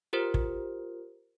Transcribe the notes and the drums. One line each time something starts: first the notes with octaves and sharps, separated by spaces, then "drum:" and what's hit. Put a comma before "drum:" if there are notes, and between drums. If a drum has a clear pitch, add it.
F4 G4 A#4 C5
drum: kick